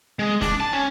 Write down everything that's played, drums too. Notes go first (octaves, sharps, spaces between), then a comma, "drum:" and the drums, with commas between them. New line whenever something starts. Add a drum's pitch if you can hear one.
G#3
D4, drum: snare
A5
C#4